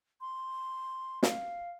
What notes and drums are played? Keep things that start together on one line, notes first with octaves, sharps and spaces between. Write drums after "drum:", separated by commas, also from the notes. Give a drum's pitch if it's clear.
C6
F5, drum: snare